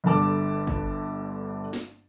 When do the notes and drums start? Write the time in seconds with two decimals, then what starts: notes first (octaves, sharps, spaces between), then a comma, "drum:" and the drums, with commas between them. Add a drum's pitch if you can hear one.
0.04 G1 G2 D3 A5 D6
0.67 drum: kick
1.73 drum: snare